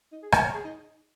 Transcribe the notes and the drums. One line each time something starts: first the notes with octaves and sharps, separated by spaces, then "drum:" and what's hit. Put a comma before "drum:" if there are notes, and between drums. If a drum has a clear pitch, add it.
D#4
G#4
A#4, drum: rim click
C#5
G#4
D#4